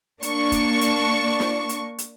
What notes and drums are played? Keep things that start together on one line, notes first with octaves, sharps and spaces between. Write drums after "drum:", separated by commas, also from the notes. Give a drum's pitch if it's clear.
A#3 D4 C#6, drum: hi-hat
drum: kick F1, hi-hat
drum: hi-hat
drum: snare
drum: hi-hat
drum: hi-hat